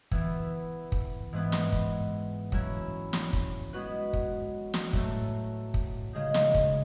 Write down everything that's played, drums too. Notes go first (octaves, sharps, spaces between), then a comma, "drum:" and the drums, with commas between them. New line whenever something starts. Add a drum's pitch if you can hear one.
E3 B3 E4, drum: kick
drum: kick
G#2 E3 G#3 B3
drum: snare
drum: kick
F#3 C#4 E4, drum: kick
drum: snare
drum: kick
G#3 B3 F#4 B4
drum: kick
drum: snare
A2 F#3 A3, drum: kick
drum: kick
C#3 G#3 D#4 G#4 D#5
drum: snare
drum: kick